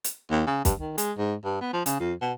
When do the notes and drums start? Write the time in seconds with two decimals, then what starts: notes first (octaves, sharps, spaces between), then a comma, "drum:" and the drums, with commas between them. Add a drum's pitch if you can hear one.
0.04 drum: hi-hat
0.31 D#2
0.47 C#3
0.65 G2, drum: kick, hi-hat
0.79 D#3
0.98 G#3, drum: hi-hat
1.18 G#2
1.45 G2
1.61 B3
1.74 F3
1.86 C#3, drum: hi-hat
2.00 F2
2.22 B2